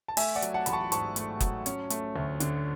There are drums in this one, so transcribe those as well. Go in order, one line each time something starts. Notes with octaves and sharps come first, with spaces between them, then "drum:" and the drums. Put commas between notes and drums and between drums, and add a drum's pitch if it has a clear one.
A5
A3 E5 G#5, drum: open hi-hat
D5 F#5
F#3, drum: hi-hat
F#5 A5
A1 B5, drum: hi-hat
A5 C#6
G#2 A5 C#6, drum: hi-hat
A3, drum: hi-hat
F#3, drum: kick F#1, hi-hat
C#4, drum: hi-hat
A3, drum: hi-hat
D2
D3, drum: hi-hat